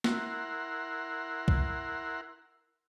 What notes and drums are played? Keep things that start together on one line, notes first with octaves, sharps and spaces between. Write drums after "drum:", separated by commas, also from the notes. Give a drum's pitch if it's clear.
E4 A#4 F#5 C6, drum: snare
drum: kick C2